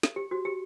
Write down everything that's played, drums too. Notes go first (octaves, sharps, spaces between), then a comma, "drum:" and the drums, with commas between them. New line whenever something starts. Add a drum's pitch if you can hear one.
drum: snare
G4
F#4
G4